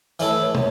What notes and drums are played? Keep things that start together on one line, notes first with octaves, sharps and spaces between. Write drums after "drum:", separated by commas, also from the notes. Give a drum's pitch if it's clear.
E3 A3 E4 A4 C#5, drum: tambourine
B4
C#5
C#5, drum: tom